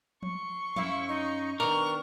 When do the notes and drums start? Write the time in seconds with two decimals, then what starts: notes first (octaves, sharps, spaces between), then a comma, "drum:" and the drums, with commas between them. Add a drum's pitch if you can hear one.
0.23 C6 C#6, drum: tom F3
0.76 F#2 C#4 E4 F5, drum: tom F3
1.08 D#4
1.60 D#3 B3 D4 A#4 C#6